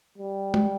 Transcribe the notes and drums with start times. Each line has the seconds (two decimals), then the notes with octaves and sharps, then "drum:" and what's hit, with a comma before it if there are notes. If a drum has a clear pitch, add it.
0.18 G3
0.54 drum: tom